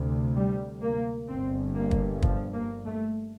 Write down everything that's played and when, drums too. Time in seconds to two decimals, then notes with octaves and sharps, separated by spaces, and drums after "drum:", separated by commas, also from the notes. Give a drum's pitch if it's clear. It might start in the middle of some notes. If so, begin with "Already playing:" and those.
Already playing: D2 C3
0.35 G3
0.82 A#3
1.28 G1 G2 C4
1.76 A#3
1.91 drum: kick
2.22 F3, drum: kick
2.54 A#3
2.85 A3